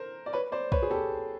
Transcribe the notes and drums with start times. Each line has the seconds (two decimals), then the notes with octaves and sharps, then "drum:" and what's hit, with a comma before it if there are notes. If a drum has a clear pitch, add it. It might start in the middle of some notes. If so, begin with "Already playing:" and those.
Already playing: A#4 C5
0.26 D5
0.33 B4 C#5
0.52 C5 D5
0.72 B4 C#5, drum: kick
0.82 G#4
0.91 G4 A4